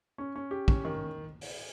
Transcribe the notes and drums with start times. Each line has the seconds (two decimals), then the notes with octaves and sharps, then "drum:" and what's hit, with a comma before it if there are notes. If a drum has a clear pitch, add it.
0.18 C#4
0.36 C#4
0.51 G4
0.68 C#4, drum: kick
0.85 D#3
1.41 drum: open hi-hat